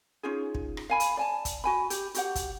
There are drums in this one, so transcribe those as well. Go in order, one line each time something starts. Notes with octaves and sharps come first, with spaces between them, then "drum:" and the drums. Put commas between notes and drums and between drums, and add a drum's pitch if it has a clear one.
C#4 D#4 F4 G#4
drum: kick
drum: rim click
F5 G#5 B5
drum: hi-hat
D5 G#5 A5
drum: kick, hi-hat
F#4 G#5 B5
G4, drum: hi-hat
F#4 G4 F#5, drum: hi-hat
drum: kick, hi-hat